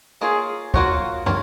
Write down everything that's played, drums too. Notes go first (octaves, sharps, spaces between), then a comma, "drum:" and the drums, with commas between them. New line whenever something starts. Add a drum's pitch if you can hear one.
A#3 F4 G#4 A#4 C#5
A#3 F4 F#4 A#4 C#5, drum: kick
A#3 F4 A#4 C#5, drum: tom